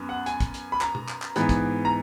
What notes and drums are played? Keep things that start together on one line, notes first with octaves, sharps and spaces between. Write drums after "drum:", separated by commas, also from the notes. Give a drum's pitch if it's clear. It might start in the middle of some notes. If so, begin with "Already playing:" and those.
Already playing: F#2 B3
F#5
G#5, drum: hi-hat
drum: kick, hi-hat
drum: hi-hat
B5
A#5, drum: clap
drum: tom
drum: clap
drum: clap
G#2 E3 B3, drum: hi-hat
drum: kick, hi-hat
A#5